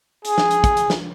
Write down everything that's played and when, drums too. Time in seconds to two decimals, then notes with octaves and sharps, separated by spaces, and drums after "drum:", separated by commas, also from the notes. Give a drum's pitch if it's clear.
0.25 G#4, drum: hi-hat
0.38 drum: snare
0.51 drum: hi-hat
0.64 drum: kick, hi-hat
0.77 drum: hi-hat
0.90 drum: snare